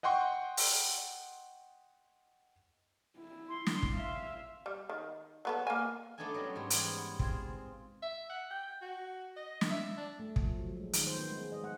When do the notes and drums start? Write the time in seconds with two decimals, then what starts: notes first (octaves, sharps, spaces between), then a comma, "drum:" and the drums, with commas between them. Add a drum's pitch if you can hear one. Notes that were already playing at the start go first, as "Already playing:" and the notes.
0.03 D#5 F#5 G5 C6 C#6
0.57 drum: open hi-hat
3.18 E4
3.48 C6
3.66 drum: snare
3.83 drum: kick
3.93 E5 F5
4.66 G3
4.89 D#3
5.45 F#3 B3 A4
5.67 A#3 G#5
6.18 A3 B3 D4 D#4 A4 G#5
6.34 F#3 G3 C#4
6.55 G#2 G3
6.70 E2 B3, drum: hi-hat
7.19 C4 F4 G#4, drum: kick
8.02 E5
8.30 F#5
8.51 G5
8.82 F#4
9.36 D#5
9.61 drum: snare
9.71 E5
9.97 D4
10.20 A3
10.36 F3, drum: kick
10.59 F#3
10.77 G#3
10.93 D#3, drum: hi-hat
11.07 C5
11.18 B3
11.31 G#3
11.52 D#5
11.64 F#5